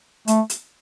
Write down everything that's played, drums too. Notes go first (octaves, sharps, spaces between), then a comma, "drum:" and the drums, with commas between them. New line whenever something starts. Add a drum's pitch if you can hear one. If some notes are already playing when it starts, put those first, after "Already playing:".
A3, drum: hi-hat
drum: hi-hat